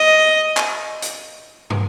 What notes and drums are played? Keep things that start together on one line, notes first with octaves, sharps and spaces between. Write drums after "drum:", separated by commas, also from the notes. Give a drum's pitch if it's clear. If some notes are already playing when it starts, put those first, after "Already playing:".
Already playing: D#5
drum: clap
drum: hi-hat
drum: tom